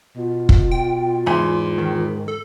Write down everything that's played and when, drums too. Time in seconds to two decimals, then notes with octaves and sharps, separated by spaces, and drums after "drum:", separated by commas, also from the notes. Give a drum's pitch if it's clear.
0.17 B2 F4
0.49 drum: kick
0.72 G5
1.26 E2 G#2 G#5 C6
1.78 D#3
2.28 A4